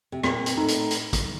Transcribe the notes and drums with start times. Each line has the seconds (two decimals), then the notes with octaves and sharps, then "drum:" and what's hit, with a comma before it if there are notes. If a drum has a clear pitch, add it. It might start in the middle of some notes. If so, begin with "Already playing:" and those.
0.12 C3
0.23 A#2 C4, drum: rim click
0.46 drum: hi-hat
0.57 A2 D#4
0.68 drum: hi-hat
0.91 drum: hi-hat
1.13 drum: kick, hi-hat